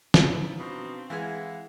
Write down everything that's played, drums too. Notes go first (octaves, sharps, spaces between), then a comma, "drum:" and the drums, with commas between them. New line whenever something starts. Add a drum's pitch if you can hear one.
F3 G3 D#4 E4, drum: snare
B2 F3 C4 D4 D#4
E3 G#3 E4 F5 F#5 G#5